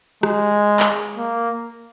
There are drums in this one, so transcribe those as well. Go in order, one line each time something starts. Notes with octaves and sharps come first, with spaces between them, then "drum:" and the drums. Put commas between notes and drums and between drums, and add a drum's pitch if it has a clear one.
G#3, drum: rim click
drum: clap
A#3